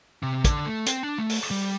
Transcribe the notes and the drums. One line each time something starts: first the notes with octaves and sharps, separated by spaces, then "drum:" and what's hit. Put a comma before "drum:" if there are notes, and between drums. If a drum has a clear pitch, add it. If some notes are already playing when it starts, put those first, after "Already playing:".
C3
D3, drum: kick, hi-hat
A3
C4, drum: hi-hat
D4
A3
drum: open hi-hat
G3